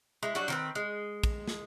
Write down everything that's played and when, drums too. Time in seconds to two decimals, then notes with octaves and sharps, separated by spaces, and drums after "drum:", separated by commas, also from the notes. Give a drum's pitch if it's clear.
0.23 G#3 E4
0.35 F#3 G3 D4 F#4
0.48 D#3 C4 B4
0.75 G#3
1.23 drum: kick, cymbal
1.48 drum: snare